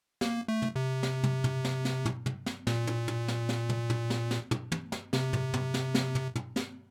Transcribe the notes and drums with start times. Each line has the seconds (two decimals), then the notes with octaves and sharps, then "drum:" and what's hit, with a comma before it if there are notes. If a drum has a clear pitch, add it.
0.21 A#3, drum: snare
0.48 A3
0.62 drum: tom
0.76 C3
1.03 drum: snare
1.24 drum: tom
1.44 drum: tom
1.64 drum: snare
1.85 drum: snare
2.05 drum: tom
2.26 drum: tom
2.46 drum: snare
2.67 A#2, drum: snare
2.87 drum: tom
3.08 drum: tom
3.28 drum: snare
3.49 drum: snare
3.69 drum: tom
3.90 drum: tom
4.10 drum: snare
4.31 drum: snare
4.51 drum: tom
4.72 drum: tom
4.92 drum: snare
5.13 C3, drum: snare
5.33 drum: tom
5.54 drum: tom
5.74 drum: snare
5.95 drum: snare
6.15 drum: tom
6.35 drum: tom
6.56 drum: snare